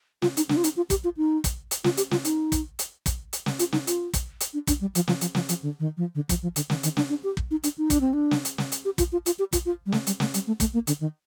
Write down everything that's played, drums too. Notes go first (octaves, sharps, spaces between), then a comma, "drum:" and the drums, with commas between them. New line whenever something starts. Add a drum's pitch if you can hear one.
F4, drum: snare
D#4, drum: hi-hat
D4, drum: snare
F4
D#4, drum: hi-hat
F4
G4, drum: kick, hi-hat
F4
D#4
drum: kick, hi-hat
drum: hi-hat
F4, drum: snare
G4, drum: hi-hat
F4, drum: snare
D#4, drum: hi-hat
drum: kick, hi-hat
drum: hi-hat
drum: kick, hi-hat
drum: hi-hat
drum: snare
F4, drum: hi-hat
D#4, drum: snare
F4, drum: hi-hat
drum: kick, hi-hat
drum: hi-hat
D4
D4, drum: kick, hi-hat
G3
F3, drum: hi-hat
F3, drum: snare
F3, drum: hi-hat
F3, drum: snare
F3, drum: hi-hat
D3
D#3
F3
D3
F3, drum: kick, hi-hat
F3
D3, drum: hi-hat
D#3, drum: snare
D#3, drum: hi-hat
D4, drum: snare
D4
G4
drum: kick
D#4
D4, drum: hi-hat
D#4
D4, drum: kick, hi-hat
C4
D4
drum: snare
drum: hi-hat
drum: snare
drum: hi-hat
G4
F4, drum: kick, hi-hat
F4
F4, drum: hi-hat
G4
F4, drum: kick, hi-hat
F4
G3
A3, drum: snare
G3, drum: hi-hat
A3, drum: snare
G3, drum: hi-hat
A3
A3, drum: kick, hi-hat
A#3
D3, drum: hi-hat
D#3